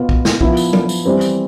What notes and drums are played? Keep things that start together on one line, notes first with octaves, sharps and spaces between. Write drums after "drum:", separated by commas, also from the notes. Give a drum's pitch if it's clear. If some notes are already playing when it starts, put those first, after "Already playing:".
Already playing: B2 B3 F4 B4
drum: kick
drum: snare
F3 B3 E4, drum: kick
drum: tambourine
drum: tom F#3
drum: tambourine
E3 G3 C4
drum: tambourine